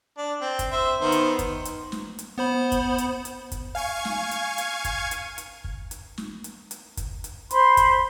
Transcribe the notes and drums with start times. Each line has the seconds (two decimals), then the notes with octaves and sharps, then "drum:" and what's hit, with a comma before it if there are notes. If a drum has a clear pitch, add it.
0.18 D4
0.41 C4
0.59 drum: kick, hi-hat
0.72 C5 E5
1.01 D#3 B3 C5
1.12 drum: hi-hat
1.39 drum: kick, hi-hat
1.65 drum: hi-hat
1.92 drum: snare
2.19 drum: hi-hat
2.38 B3 C5 B5
2.72 drum: kick, hi-hat
2.98 drum: hi-hat
3.25 drum: hi-hat
3.52 drum: kick, hi-hat
3.75 F5 G#5 C#6 G#6
4.05 drum: snare
4.31 drum: hi-hat
4.58 drum: hi-hat
4.85 drum: kick, hi-hat
5.11 drum: hi-hat
5.38 drum: hi-hat
5.64 drum: kick
5.91 drum: hi-hat
6.18 drum: snare
6.44 drum: hi-hat
6.71 drum: hi-hat
6.97 drum: kick, hi-hat
7.24 drum: hi-hat
7.51 C5 B5 C6, drum: hi-hat
7.77 drum: kick, hi-hat